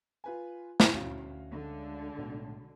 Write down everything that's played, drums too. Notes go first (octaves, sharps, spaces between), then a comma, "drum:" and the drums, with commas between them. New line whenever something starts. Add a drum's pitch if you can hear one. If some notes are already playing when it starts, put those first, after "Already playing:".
F4 B4 G#5
drum: snare
D2 C#4 F#4 F5
D3 G#3
B1 A2